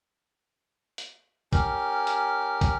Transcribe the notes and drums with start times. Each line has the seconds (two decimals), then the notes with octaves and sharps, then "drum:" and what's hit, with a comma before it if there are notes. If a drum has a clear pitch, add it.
0.98 drum: hi-hat
1.53 C#4 G4 A#4, drum: kick, hi-hat
2.07 drum: hi-hat
2.61 drum: kick, hi-hat